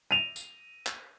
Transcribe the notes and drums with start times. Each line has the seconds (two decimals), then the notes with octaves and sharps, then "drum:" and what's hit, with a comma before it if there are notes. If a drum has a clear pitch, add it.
0.11 D#7 F7
0.36 drum: tambourine
0.86 drum: clap